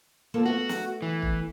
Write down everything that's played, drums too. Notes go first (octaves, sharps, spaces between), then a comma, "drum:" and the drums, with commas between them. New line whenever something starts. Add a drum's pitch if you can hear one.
F3 A#3 A4
A3 B3 F#4
drum: snare
E3
drum: kick